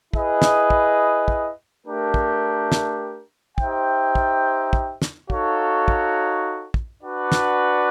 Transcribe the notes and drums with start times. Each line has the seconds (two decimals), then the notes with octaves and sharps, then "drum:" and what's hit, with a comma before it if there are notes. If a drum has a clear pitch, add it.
0.13 E4 G#4 B4 D#5, drum: kick
0.42 drum: snare
0.70 drum: kick
1.28 drum: kick
1.86 A3 D4 G4 A#4
2.14 drum: kick
2.72 drum: snare
3.58 D#4 G4 C5 E5 G5, drum: kick
4.15 drum: kick
4.73 drum: kick
5.02 drum: snare
5.30 D#4 F#4 A4 C#5 F5, drum: kick
5.88 drum: kick
6.74 drum: kick
7.03 D4 F#4 B4 D5 F#5
7.32 drum: snare